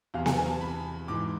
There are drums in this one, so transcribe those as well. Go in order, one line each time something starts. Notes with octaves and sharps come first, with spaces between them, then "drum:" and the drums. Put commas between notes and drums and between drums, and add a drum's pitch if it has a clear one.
E2 C3 E3 F5
G#5, drum: snare B3
G#5
A5
B5
G#2 E3 D6